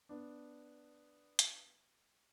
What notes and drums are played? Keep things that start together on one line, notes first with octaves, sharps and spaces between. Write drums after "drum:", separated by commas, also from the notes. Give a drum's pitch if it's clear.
B3 D4
drum: hi-hat